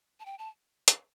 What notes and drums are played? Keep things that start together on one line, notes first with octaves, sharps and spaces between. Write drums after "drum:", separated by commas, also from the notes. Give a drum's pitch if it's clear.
A5
G5
A5
drum: hi-hat